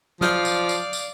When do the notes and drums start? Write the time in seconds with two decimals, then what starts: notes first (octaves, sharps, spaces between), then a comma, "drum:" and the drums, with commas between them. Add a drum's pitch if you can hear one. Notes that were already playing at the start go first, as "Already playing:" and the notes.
0.21 F3 D5 F5 D#6 F6 G6, drum: snare
0.45 drum: tambourine
0.69 drum: tambourine
0.93 drum: tambourine